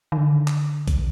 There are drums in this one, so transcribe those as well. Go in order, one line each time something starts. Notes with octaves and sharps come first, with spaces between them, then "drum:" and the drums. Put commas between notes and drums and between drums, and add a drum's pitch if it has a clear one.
D#3
D3
drum: clap
drum: kick B1, hi-hat